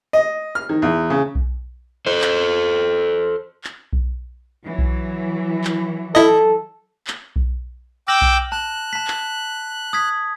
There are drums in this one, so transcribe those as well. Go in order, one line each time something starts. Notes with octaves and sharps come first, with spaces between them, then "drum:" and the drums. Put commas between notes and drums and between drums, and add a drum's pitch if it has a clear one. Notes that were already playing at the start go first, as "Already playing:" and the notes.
D#5
F6
D#3
E2
C#3
drum: kick B1
A4 C5
drum: clap
drum: clap
drum: kick B1
E3 F#3
drum: kick B1
drum: clap
E4 A4 D#5
drum: clap
drum: kick B1
G5 D6 E6 F6 A#6 F#7
drum: kick B1
A5 F#6
A5 B6
drum: clap
D#6 G#6 B6